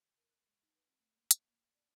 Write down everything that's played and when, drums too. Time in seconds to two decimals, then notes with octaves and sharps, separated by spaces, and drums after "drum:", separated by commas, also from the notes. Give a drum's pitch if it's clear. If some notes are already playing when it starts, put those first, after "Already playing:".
0.18 A#4
0.30 F#6
0.47 G#3
0.63 D#4
0.75 B4
0.88 C4
1.00 A3
1.16 A#3
1.31 C#5, drum: hi-hat
1.48 A#3
1.74 D5